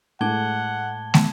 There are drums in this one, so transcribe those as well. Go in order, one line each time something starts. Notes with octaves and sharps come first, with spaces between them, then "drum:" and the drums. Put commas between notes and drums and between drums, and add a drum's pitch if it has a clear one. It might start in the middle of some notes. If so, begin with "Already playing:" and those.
A2 G#3 A3 F#5 A5 D6 G#6 G7
drum: snare